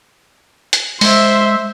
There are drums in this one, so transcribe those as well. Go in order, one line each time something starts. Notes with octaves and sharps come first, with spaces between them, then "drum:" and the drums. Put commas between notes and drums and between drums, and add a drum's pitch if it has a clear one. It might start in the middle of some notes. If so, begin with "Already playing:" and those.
drum: hi-hat
G#3 C5 E5, drum: open hi-hat